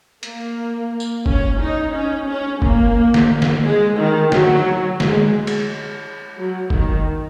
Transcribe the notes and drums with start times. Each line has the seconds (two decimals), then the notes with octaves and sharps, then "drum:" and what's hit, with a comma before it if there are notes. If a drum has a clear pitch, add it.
0.23 A#3, drum: hi-hat
1.00 drum: tambourine
1.26 C#4, drum: kick F#1
1.60 D#4
1.93 C#4
2.27 C#4
2.62 A#3, drum: kick F#1
3.14 drum: snare
3.42 drum: snare
3.64 G#3
3.98 D#3
4.32 F#3, drum: snare
5.00 G#3, drum: snare
5.47 drum: cymbal
6.36 F#3
6.70 D#3, drum: kick F#1